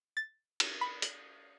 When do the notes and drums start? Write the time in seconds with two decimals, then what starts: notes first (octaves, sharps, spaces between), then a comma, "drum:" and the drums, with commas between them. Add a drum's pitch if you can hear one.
0.17 A6
0.60 drum: cymbal
0.81 B5
1.02 drum: hi-hat